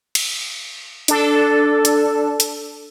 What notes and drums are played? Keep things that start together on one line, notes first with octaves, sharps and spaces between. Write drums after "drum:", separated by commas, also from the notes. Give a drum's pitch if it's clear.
drum: cymbal
D4 A4, drum: hi-hat
drum: hi-hat
drum: hi-hat